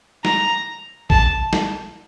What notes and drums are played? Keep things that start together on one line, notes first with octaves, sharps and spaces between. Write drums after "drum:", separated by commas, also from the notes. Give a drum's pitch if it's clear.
A#5, drum: snare
A5, drum: kick A1
drum: snare